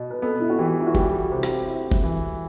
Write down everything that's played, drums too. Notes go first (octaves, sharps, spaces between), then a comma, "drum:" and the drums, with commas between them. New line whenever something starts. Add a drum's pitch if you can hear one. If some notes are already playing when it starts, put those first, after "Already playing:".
Already playing: B2
B4
B3 A4
E4
F#4
E3 G4
E4
F#4
G3 G4, drum: kick F#1
C3
drum: rim click
E4
drum: kick F#1
E3